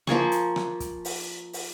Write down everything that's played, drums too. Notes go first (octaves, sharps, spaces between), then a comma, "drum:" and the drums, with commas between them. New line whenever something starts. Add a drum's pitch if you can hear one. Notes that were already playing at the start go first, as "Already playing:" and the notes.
F3 A#3 G#4 C#6, drum: rim click
drum: hi-hat
drum: rim click
drum: kick, hi-hat
drum: open hi-hat
drum: open hi-hat